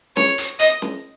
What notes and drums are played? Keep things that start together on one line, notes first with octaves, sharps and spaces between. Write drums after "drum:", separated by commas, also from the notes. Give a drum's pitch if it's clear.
C#5, drum: snare
drum: hi-hat
D#5, drum: hi-hat
drum: snare